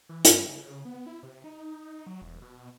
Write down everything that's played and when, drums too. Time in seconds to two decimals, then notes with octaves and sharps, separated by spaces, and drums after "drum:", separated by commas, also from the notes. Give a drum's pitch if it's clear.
0.09 E3
0.25 G2, drum: hi-hat
0.48 C#3
0.85 B3
1.06 E4
1.23 C3
1.44 D#4
2.07 F#3
2.22 E1
2.42 B2